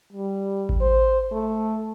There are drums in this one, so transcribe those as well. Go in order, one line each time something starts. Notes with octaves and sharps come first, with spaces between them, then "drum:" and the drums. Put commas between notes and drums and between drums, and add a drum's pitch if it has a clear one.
G3
drum: kick A1
C5
A3